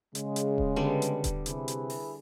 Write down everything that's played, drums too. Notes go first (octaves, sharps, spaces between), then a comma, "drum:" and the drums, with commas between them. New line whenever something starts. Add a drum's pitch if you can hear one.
C#3 G#3, drum: hi-hat
drum: hi-hat
drum: kick D#1
D3 G3 B3
drum: hi-hat
drum: kick D#1, hi-hat
C3 E4 G#4 B4, drum: hi-hat
drum: hi-hat
drum: open hi-hat